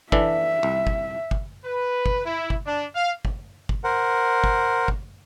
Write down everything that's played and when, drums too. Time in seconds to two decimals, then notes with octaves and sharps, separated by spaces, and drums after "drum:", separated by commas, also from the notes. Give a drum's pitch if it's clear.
0.12 E3 D4 A4 E5, drum: kick
0.63 C2
0.87 drum: kick
1.31 drum: kick
1.64 B4
2.06 drum: kick
2.26 E4
2.50 drum: kick
2.66 D4
2.94 F5
3.25 drum: kick
3.69 drum: kick
3.84 A#4 C5 F#5
4.44 drum: kick
4.88 drum: kick